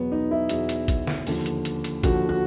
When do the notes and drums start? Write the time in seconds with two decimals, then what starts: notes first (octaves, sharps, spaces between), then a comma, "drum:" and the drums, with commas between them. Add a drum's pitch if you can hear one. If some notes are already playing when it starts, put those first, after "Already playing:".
Already playing: E2 B2 F#3 B3
0.12 D#4
0.31 E4
0.49 E2 B2 F#3, drum: hi-hat
0.69 drum: hi-hat
0.88 drum: kick, hi-hat
1.07 drum: snare
1.27 D#2 D3 F3, drum: open hi-hat
1.46 drum: hi-hat
1.65 drum: hi-hat
1.84 drum: hi-hat
2.03 D#2 D3 F3 F#4, drum: kick, hi-hat
2.29 F#4